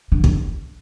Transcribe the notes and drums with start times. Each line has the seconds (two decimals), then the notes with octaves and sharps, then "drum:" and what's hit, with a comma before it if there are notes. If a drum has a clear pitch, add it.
0.12 D3
0.24 D3, drum: kick